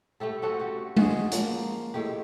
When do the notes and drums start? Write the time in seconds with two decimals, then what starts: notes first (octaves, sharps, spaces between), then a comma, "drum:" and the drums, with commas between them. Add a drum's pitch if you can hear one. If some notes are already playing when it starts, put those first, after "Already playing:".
0.20 A3 E4 G4 A4
0.42 C4 C#4 F#4 A4
0.60 F#4 G4
0.96 G#3 F#4 G#4, drum: tom G#3
1.31 F3 A#3, drum: hi-hat
1.94 A2 G#3 A3 G4